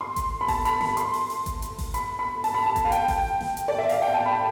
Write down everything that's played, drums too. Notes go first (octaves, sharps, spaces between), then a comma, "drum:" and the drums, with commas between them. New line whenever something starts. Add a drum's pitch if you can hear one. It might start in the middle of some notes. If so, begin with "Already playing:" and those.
C6
drum: kick G#1, hi-hat
B5
A5, drum: kick G#1, open hi-hat
B5, drum: hi-hat
B5, drum: snare
C6, drum: hi-hat
drum: open hi-hat
drum: open hi-hat
drum: kick G#1, hi-hat
drum: hi-hat
drum: kick G#1, open hi-hat
B5, drum: hi-hat
B5
A5, drum: open hi-hat
B5
A5
drum: kick G#1, hi-hat
F5
G5, drum: hi-hat
drum: kick G#1, open hi-hat
drum: snare
drum: hi-hat
D5
E5
F5, drum: open hi-hat
G5
A5
B5